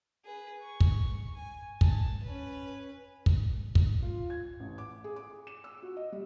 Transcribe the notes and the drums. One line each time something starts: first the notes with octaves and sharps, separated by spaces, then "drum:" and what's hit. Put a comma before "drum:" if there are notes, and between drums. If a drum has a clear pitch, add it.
G#4 B4
C#6
drum: kick
G#5
A5, drum: kick
C#4 B4
drum: kick
drum: kick
F4
G#6
A1
D6
G#4
D6
E7
E6
F#4
D#5
G3